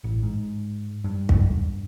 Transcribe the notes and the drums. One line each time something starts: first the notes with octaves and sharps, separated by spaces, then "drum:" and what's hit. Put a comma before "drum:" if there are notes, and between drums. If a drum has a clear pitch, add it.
A1
G#2
G2
drum: kick